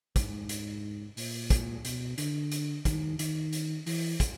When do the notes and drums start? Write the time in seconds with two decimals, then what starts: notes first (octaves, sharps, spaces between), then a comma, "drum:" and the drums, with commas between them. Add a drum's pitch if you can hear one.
0.16 G#2, drum: kick, hi-hat
0.49 drum: hi-hat
1.17 A#2, drum: open hi-hat
1.50 drum: kick, hi-hat
1.85 B2, drum: hi-hat
2.18 D3, drum: hi-hat
2.51 drum: hi-hat
2.85 D#3, drum: kick, hi-hat
3.19 D#3, drum: hi-hat
3.53 drum: hi-hat
3.86 E3, drum: open hi-hat
4.20 drum: kick, hi-hat